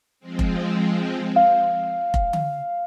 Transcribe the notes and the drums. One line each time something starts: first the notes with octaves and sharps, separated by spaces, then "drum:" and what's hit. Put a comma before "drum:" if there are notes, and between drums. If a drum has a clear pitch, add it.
F3 G#3 C4
drum: kick F1
F5
drum: kick F1
drum: tom D3